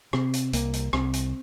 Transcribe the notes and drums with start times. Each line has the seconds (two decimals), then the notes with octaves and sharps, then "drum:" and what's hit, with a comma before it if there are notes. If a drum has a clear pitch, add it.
0.13 C3 C4, drum: rim click
0.33 drum: hi-hat
0.53 C2 A#3, drum: hi-hat
0.73 drum: hi-hat
0.93 C2 C4, drum: rim click
1.13 drum: hi-hat